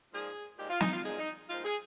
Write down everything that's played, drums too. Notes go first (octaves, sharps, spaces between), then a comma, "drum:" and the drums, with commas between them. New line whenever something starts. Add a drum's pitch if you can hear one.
A#2 F3 G#3 D#4 G#4
A#2 F3 G#3 D#4 G4
F4
D#4, drum: snare
F4
A#2 F3 G#3 D#4 G#4
D#4
A#2 F3 G#3 D#4 F4
G#4